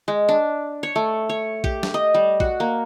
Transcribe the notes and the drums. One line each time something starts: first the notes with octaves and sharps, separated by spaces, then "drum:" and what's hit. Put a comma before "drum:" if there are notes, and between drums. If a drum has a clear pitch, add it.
G#3
D4
C#5
A3
C#5
G4, drum: kick A#1
drum: snare
D#5
G3
F#4, drum: kick A#1
A#3